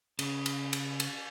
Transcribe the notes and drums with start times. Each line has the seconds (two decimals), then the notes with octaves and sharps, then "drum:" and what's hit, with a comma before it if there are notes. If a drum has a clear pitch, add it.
0.19 C#3, drum: cymbal
0.46 drum: cymbal
0.73 drum: cymbal
1.00 drum: cymbal